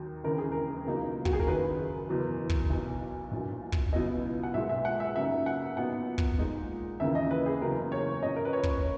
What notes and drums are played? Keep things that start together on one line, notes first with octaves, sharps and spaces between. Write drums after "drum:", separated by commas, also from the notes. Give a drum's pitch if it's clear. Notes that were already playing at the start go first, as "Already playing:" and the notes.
Already playing: D#2 D#3 F#3
E1 D#2 C#3 E3 A#4
G#4
A#4
C#2 B2 F#3 A#3 D#4
F#4, drum: kick
G#4
A#4
F#1 F#2 D#3 B4
F#1 E2 B2 F#3
drum: kick
B1 B2 F#3
A#1 A#2 F#3
drum: kick
C#2 B2 F#3 B3 E4 D#5
F#5
B1 A#2 G#3 E5
E5
F#5
E5
F#2 C#3 F#3 A#3 D#4 E5
F#5
A#2 F#3 B3 D#4 F#5
drum: kick
A#2 G#3 D#4
D#2 C#3 E3 A#3 E5
D#5
B4
G#4
F#1 E2 C#3 F#3 A#3 A#4
C#5
A#2 A#3 C#4 D#5
A#4
B4
C#5
drum: kick